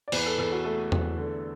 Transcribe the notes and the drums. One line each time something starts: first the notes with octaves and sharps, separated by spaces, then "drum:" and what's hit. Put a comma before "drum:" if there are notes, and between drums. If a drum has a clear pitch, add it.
D5
E2 B4, drum: cymbal
A4
E2 A4
F#4
A3 A4
E2, drum: tom E2
D3